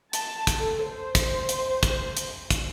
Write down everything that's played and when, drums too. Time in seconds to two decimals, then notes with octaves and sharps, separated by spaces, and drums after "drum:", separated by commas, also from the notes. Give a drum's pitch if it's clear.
0.13 A5, drum: hi-hat
0.47 drum: kick, hi-hat
0.58 A4
0.88 C5
1.15 drum: kick, hi-hat
1.49 drum: hi-hat
1.83 drum: kick, hi-hat
2.17 drum: hi-hat
2.51 drum: kick, hi-hat